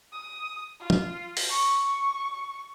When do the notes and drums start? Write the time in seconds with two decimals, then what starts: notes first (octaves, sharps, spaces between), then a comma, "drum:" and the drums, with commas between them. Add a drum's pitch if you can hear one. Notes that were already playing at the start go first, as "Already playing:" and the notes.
0.12 D#6
0.80 F4
0.90 drum: tom
1.37 drum: open hi-hat
1.49 C#6